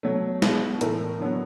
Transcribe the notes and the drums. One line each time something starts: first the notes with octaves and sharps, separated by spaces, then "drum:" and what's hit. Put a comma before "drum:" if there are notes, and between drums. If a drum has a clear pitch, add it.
B2 F#3 A3
B2 G#3 B3, drum: snare
A2 E3 A3 A#4, drum: hi-hat
D3 F#3 B3